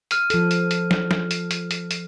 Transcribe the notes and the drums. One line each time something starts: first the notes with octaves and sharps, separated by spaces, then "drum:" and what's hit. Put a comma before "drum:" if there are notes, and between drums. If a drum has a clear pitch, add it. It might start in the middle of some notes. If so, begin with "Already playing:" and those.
F6 D#7, drum: hi-hat
F3 A4, drum: hi-hat
drum: hi-hat
drum: hi-hat
drum: snare
drum: snare
drum: hi-hat
drum: hi-hat
drum: hi-hat
drum: hi-hat